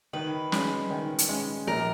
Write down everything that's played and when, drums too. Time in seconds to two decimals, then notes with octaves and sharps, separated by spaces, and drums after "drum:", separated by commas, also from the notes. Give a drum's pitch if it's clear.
0.13 D#3 B4
0.52 G#3 C#4, drum: snare
0.90 D#3
1.19 drum: hi-hat
1.29 G#3 C#4
1.67 A#1 A#4